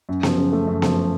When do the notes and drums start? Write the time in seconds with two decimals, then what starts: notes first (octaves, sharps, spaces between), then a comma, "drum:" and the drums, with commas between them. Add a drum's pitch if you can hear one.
0.09 F#2
0.23 F3, drum: snare B3
0.38 C#3
0.53 A3
0.67 F#2
0.82 F3, drum: snare B3